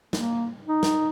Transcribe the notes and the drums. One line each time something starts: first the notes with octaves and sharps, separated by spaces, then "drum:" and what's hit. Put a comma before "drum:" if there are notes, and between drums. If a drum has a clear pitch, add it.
A#3, drum: snare
D#4
drum: snare